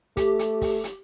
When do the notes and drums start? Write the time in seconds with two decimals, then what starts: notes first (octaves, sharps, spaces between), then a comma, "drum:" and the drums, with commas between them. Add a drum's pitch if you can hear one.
0.17 A3 G4, drum: kick, hi-hat
0.39 drum: hi-hat
0.62 drum: kick, open hi-hat
0.84 drum: hi-hat